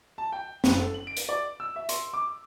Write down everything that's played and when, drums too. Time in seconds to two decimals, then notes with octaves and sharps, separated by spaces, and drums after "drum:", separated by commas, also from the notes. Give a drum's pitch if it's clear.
0.18 A5
0.32 G5
0.64 F#1, drum: snare
0.77 A4
0.94 F#7
1.07 D7
1.17 drum: hi-hat
1.29 D5
1.60 E6
1.76 E5
1.89 C6, drum: hi-hat
2.13 D6